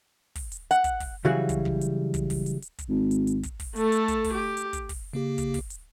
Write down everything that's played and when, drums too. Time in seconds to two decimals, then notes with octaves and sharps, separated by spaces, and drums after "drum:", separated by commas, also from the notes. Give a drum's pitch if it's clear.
0.35 drum: kick, open hi-hat
0.52 drum: hi-hat
0.71 F#5, drum: hi-hat
0.84 drum: kick, hi-hat
1.00 drum: kick, open hi-hat
1.25 C#3 E3 F#3 G3 F#4 G#4
1.49 drum: kick, hi-hat
1.65 drum: kick
1.81 drum: hi-hat
2.14 drum: kick, hi-hat
2.30 drum: kick, open hi-hat
2.46 drum: hi-hat
2.62 drum: hi-hat
2.79 drum: kick, hi-hat
2.89 G#1
3.11 drum: hi-hat
3.27 drum: hi-hat
3.43 drum: kick, hi-hat
3.60 drum: kick, open hi-hat
3.76 A3 A4, drum: hi-hat
3.92 drum: hi-hat
4.08 drum: kick, hi-hat
4.24 drum: kick, open hi-hat
4.34 G4
4.57 drum: hi-hat
4.73 drum: kick, hi-hat
4.89 drum: kick, open hi-hat
5.13 C#3 A#3 G4
5.38 drum: kick, hi-hat
5.54 drum: kick, open hi-hat
5.70 drum: hi-hat